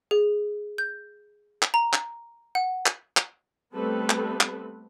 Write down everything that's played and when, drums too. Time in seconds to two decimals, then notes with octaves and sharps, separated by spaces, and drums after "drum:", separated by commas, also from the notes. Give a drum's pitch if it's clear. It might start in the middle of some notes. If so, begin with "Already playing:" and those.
0.11 G#4
0.78 G6
1.62 drum: clap
1.74 A#5
1.93 drum: clap
2.55 F#5
2.86 drum: clap
3.17 drum: clap
3.74 G3 A3 B3 C4 A4 B4
4.10 drum: clap
4.41 drum: clap